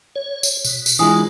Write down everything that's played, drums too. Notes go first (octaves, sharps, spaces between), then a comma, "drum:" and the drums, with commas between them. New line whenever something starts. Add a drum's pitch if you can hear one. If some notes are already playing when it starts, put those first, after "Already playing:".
C#5
drum: tambourine
B2, drum: tambourine
drum: tambourine
E3 G#3 D4 F4 G#5 D#6